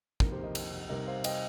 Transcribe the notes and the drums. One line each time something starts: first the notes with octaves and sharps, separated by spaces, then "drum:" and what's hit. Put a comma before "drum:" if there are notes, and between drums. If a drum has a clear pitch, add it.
F2 C3 D#3 A#3 A#4, drum: kick
G4 C5
A#4 D#5
drum: cymbal
C3 G3 D#4 A#4 D#5
C5 F5
D#5 G5, drum: cymbal